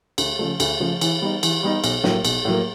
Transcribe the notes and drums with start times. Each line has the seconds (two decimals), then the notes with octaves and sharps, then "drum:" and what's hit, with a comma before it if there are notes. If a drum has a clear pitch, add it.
0.18 D2, drum: cymbal
0.39 C#3 F3 A3
0.60 D2, drum: cymbal
0.80 C#3 F3 A3
1.01 E3, drum: cymbal
1.22 G3 B3 D#4
1.43 E3, drum: cymbal
1.63 G3 B3 D#4
1.84 B1, drum: cymbal
2.04 A2 F#3 A#3, drum: snare
2.25 B1, drum: cymbal
2.45 A2 F#3 A#3